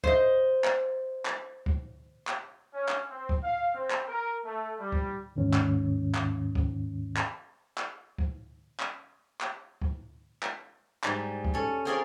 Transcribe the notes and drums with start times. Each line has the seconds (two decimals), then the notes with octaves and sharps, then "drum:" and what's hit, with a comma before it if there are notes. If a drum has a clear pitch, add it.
0.04 C5 D#5, drum: kick D2
0.64 drum: clap
1.25 drum: clap
1.66 drum: kick D2
2.27 drum: clap
2.74 C#4
2.89 drum: clap
3.09 C4
3.29 drum: kick D2
3.43 F5
3.75 C4
3.90 drum: clap
4.08 A#4
4.45 A3
4.80 G3
4.92 drum: kick D2
5.36 D#2 G#2 D#3 C#4
5.53 drum: clap
6.15 drum: clap
6.55 drum: kick D2
7.17 drum: clap
7.78 drum: clap
8.18 drum: kick D2
8.80 drum: clap
9.41 drum: clap
9.82 drum: kick D2
10.43 drum: clap
11.04 G#2 G3 G#3, drum: clap
11.45 drum: kick D2
11.54 C#4 A4
11.85 C4 F4 G#4 A#4 C#5 D5